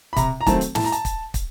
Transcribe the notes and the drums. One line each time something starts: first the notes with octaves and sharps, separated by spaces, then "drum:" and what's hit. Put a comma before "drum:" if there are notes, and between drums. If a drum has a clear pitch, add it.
B5
C3 A#5, drum: kick, hi-hat
A#5
D#3 F#3 A3 C4 A5, drum: kick, hi-hat
drum: hi-hat
A2 A5, drum: snare
A#5
A5, drum: hi-hat
drum: kick, hi-hat
drum: kick, hi-hat